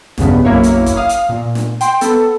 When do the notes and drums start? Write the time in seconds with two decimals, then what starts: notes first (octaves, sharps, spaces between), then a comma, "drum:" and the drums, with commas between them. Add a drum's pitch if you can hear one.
0.18 B1 E2 G2 C#3 B3, drum: snare
0.45 B1 F#2 A#3 E4 C#5
0.63 drum: hi-hat
0.86 drum: kick F#1, hi-hat
0.97 F5 D#6
1.09 drum: hi-hat
1.29 A#2
1.55 drum: snare
1.81 G5 C6, drum: hi-hat
2.01 B3 A4, drum: hi-hat